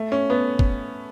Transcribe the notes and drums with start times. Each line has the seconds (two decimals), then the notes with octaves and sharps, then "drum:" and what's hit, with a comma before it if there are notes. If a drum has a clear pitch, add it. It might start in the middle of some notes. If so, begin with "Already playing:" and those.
Already playing: A3
0.12 C#4
0.30 B3
0.59 drum: kick G1